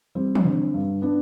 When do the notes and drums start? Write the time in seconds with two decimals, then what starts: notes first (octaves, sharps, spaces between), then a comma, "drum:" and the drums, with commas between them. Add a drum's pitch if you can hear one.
0.15 G3 C4
0.35 drum: tom E3
0.45 D3
0.74 G2
1.02 B3 D4